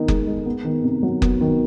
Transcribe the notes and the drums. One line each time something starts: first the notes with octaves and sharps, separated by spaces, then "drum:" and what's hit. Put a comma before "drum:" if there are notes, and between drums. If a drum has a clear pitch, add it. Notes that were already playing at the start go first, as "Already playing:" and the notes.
Already playing: D#3 B3 D#4
G#3, drum: kick F#1
G#3
B3
D#3
C3
F#3
B3, drum: kick F#1
D#3